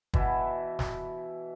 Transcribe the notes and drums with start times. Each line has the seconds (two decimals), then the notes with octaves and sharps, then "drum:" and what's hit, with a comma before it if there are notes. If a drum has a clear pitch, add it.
0.14 B2 E3 E4, drum: kick
0.79 drum: snare